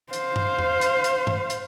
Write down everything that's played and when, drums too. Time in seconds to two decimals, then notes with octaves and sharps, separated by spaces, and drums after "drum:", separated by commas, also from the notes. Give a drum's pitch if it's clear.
0.13 C5 F5, drum: hi-hat
0.36 drum: tom
0.59 drum: tom E2
0.81 drum: hi-hat
1.04 drum: hi-hat
1.27 drum: tom
1.50 drum: hi-hat